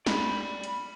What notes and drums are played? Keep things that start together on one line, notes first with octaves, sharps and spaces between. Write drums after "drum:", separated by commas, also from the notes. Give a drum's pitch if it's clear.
D5 B5, drum: snare
drum: hi-hat